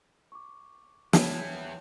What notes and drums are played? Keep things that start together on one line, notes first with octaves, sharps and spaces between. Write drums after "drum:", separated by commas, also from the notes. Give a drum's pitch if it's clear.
C#6 D6
E2 E3 C#5 G5 A5, drum: snare